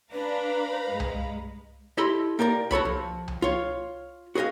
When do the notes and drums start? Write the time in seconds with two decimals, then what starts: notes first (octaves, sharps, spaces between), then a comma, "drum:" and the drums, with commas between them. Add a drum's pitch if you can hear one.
0.12 D4 B4 F5 A#5 B5
0.89 G2 G#3
1.00 drum: tom C2
1.97 E4 G4 A4 D#5 B5 C6
2.39 A#3 G4 A#4 D5
2.71 F#4 A4 C#5 B5, drum: tom C2
2.85 F3
3.28 drum: tom C2
3.42 F4 C#5
4.35 F#4 G#4 C5 D#5 F5